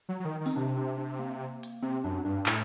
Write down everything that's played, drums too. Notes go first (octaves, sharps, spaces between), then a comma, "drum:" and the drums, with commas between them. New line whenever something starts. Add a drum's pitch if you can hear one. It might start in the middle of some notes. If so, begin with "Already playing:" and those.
F#3
F#3
D#3
D#3
C4, drum: open hi-hat
C3 D4
D4
D4
A#3
drum: hi-hat
C3 C4
F#2 D4
G2 D4
A2, drum: clap